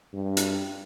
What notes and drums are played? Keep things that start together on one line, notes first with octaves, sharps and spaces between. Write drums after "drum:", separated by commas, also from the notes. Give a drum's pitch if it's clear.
G2
drum: hi-hat